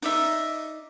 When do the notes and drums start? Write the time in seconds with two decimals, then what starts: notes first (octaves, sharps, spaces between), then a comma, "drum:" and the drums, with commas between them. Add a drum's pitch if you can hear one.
0.02 D#4 D5 E5, drum: open hi-hat